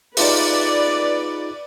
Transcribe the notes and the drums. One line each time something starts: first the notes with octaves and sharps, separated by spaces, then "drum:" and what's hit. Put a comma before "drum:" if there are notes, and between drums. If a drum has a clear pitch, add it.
D#4 F4 G#4 B4 D5, drum: open hi-hat